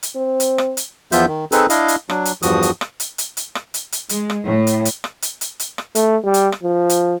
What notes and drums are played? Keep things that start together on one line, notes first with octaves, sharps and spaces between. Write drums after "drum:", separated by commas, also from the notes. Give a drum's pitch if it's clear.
drum: hi-hat
C4
drum: hi-hat
drum: rim click
drum: hi-hat
E2 F3 B3 F4 E5 G6, drum: hi-hat
D#3
C4 D#4 G#4 A4 B4, drum: hi-hat
D4 E4 D#5 F5, drum: hi-hat
drum: hi-hat
F#3 D4, drum: rim click
drum: hi-hat
E2 G2 F3 F#4 D#6, drum: hi-hat
drum: hi-hat
drum: rim click
drum: hi-hat
drum: hi-hat
drum: hi-hat
drum: rim click
drum: hi-hat
drum: hi-hat
G#3, drum: hi-hat
drum: rim click
A2
drum: hi-hat
drum: hi-hat
drum: rim click
drum: hi-hat
drum: hi-hat
drum: hi-hat
drum: rim click
A3, drum: hi-hat
G3
drum: hi-hat
drum: rim click
F3
drum: hi-hat